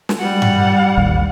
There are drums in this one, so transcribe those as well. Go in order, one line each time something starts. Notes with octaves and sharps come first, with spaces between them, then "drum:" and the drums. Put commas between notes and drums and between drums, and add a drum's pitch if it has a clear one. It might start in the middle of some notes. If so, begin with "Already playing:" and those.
drum: snare
G3 F#5
drum: tom G2
A1 D#2